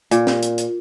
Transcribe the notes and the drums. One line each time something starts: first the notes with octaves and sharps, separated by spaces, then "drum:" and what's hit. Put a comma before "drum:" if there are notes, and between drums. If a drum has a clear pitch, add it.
A#2, drum: hi-hat
drum: snare
drum: hi-hat
drum: hi-hat